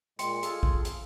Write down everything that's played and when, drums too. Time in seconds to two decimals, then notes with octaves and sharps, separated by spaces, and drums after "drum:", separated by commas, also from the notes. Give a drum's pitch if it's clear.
0.19 A#2 G#3 G5 C6 C#7, drum: hi-hat
0.43 F4 G#4 A4, drum: hi-hat
0.63 drum: kick
0.85 drum: hi-hat